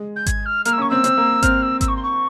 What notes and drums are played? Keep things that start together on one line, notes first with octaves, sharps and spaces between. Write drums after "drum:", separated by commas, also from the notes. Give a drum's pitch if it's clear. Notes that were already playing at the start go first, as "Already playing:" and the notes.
Already playing: G#3
G6
G#6, drum: kick G#1, hi-hat
F6
A#3 F6, drum: hi-hat
E6
C#4 C#6
C4 E6
C4, drum: hi-hat
A#3
C4 F6, drum: kick G#1, hi-hat
E6
E6, drum: kick G#1, hi-hat
C#6
C6
C#6